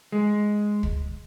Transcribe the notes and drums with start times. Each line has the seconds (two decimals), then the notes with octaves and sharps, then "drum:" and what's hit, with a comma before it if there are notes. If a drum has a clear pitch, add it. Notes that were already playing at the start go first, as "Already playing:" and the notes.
0.12 G#3
0.83 drum: kick